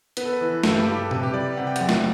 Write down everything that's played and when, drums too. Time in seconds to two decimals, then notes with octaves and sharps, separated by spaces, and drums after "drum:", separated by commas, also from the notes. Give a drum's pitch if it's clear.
0.17 B3 B4, drum: hi-hat
0.25 A4
0.33 B4
0.41 E3
0.64 G2 A4, drum: snare
0.76 G4
0.87 G2 G4
0.99 A4
1.11 C3 B4, drum: tom A#2
1.23 G4
1.34 G3 D5
1.57 C3 F#5
1.67 G5
1.76 F#1 F#5, drum: hi-hat
1.89 drum: snare